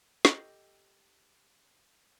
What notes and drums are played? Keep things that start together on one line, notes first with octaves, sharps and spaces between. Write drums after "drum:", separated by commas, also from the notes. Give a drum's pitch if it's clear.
G4 A4 D#5, drum: snare